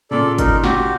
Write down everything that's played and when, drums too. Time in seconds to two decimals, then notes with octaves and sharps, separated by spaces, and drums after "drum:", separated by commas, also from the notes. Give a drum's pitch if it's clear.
0.11 A#2 C#3 A4 D5
0.38 D#4 A#4, drum: kick G1, hi-hat
0.64 F#4 G4, drum: snare